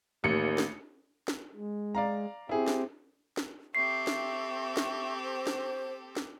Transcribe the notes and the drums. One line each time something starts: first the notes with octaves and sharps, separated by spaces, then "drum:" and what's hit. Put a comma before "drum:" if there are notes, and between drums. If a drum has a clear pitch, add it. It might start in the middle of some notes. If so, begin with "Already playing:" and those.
A1 D#2 C#7
drum: snare
drum: snare
G#3
D5 F5 A#5
C4 E4 G4 G#4
drum: snare
drum: snare
C4 G4 A4 E5 C#6 C7
drum: snare
drum: snare
C5
drum: snare
drum: snare